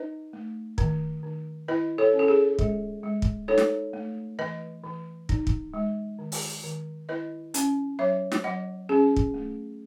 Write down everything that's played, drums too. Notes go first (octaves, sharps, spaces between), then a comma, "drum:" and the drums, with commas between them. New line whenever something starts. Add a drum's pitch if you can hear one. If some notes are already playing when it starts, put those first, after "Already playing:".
Already playing: D#4 B4 D#5
A3
D#3, drum: kick
D#3
E4 B4 D#5
A4 C#5
C#4
A4
G#4
G#3, drum: kick
G#3
drum: kick
D#4 A4 C#5
drum: snare
A3
E3 B4 D#5
E3
D#4, drum: kick
drum: kick
G#3
D#3
drum: open hi-hat
D#3
E4 B4 D#5
C#4, drum: hi-hat
F#3 C#5 E5
drum: snare
F#3 D#5 F#5
C#4 G#4
drum: kick
A3